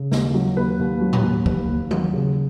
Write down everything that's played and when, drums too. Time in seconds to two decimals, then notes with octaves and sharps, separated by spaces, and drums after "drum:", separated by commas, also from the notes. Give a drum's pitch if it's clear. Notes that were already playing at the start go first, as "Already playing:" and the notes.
Already playing: C#3
0.12 D#2, drum: snare
0.34 F#3
0.57 D#2 B4
0.79 D#2
1.01 F#3
1.13 drum: tom A2
1.23 D#2
1.46 D#2, drum: kick
1.68 D#2
1.91 F#3, drum: tom D#3
2.13 C#3